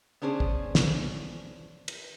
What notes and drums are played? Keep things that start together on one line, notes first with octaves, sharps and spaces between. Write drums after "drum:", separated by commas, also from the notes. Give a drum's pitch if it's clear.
B3 C#4 D4 G#4 C5
drum: kick
drum: snare
drum: cymbal